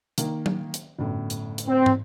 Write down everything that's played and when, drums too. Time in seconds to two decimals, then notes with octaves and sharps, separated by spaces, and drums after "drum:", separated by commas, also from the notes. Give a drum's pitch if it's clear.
0.18 D#3 A#3, drum: hi-hat
0.46 drum: tom F#3
0.74 drum: hi-hat
0.99 G1 F#2 A2
1.30 drum: hi-hat
1.58 drum: hi-hat
1.68 C4
1.86 drum: tom